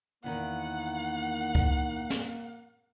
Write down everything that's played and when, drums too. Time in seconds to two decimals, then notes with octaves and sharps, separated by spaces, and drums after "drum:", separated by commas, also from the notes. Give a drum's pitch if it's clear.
0.24 E2 D#3 A#3 F#5
1.55 drum: kick C#2
2.10 drum: snare